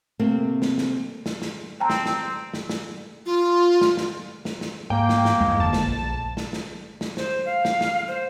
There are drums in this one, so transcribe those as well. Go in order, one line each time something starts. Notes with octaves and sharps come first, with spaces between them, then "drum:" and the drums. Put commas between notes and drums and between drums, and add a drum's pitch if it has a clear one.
C3 A3 A#3 C4
drum: snare
drum: snare
drum: snare
drum: snare
C4 G5 A5 A#5
drum: snare
drum: snare
drum: snare
drum: snare
F4
drum: snare
drum: snare
drum: snare
drum: snare
G#2 A#3 G5
drum: snare
drum: snare
E2 G2 G#3
F#1 D3 A5
drum: snare
A#1
drum: snare
drum: snare
drum: snare
C5, drum: snare
F5
drum: snare
drum: snare
C5